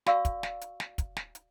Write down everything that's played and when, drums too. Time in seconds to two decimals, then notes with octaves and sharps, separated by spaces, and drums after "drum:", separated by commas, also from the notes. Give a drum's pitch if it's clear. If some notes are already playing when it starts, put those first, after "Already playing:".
0.06 F#4 D5 F5 C#6 E6, drum: snare
0.25 drum: kick, hi-hat
0.43 drum: snare
0.61 drum: hi-hat
0.80 drum: snare
0.98 drum: kick, hi-hat
1.16 drum: snare
1.35 drum: hi-hat